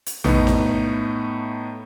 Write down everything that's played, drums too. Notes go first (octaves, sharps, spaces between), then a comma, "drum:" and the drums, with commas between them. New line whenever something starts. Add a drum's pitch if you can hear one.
drum: hi-hat
A2 A3 B3 D#4, drum: tom A#1
drum: snare D#4